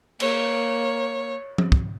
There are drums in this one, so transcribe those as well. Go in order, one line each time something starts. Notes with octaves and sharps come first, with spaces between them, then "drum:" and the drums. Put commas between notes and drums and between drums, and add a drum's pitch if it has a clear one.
A#3 C#5, drum: cymbal
drum: tom F3
drum: kick